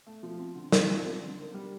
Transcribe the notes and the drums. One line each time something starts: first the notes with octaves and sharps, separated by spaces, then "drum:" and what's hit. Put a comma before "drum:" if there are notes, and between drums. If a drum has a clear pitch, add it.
A3
F3
C4
D3
A3, drum: snare
F3
C4
D3
A#3
G3